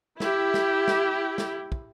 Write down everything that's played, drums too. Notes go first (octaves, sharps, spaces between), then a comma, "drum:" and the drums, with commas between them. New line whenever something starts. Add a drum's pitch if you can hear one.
E4 G4, drum: snare
drum: snare
drum: snare
drum: snare
drum: kick